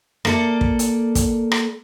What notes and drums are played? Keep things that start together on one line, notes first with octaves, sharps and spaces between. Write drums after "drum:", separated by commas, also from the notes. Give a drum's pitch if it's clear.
A#3 A4 D5, drum: rim click
drum: kick
drum: hi-hat
drum: kick, hi-hat
drum: rim click